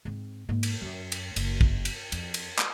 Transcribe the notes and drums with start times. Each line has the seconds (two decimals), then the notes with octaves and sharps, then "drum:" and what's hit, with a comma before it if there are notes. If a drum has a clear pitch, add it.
0.05 G#2 C4
0.49 G#2 A#3
0.63 drum: cymbal
0.82 F#2
1.12 drum: cymbal
1.36 F#1, drum: cymbal
1.61 drum: kick
1.85 drum: cymbal
2.12 F2, drum: cymbal
2.34 drum: cymbal
2.59 drum: clap